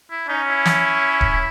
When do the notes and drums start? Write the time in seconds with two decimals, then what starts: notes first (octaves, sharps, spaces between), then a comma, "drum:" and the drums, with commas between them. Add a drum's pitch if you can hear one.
0.11 E4
0.28 C#4 D#4
0.48 E4
0.65 drum: snare
1.21 drum: kick D1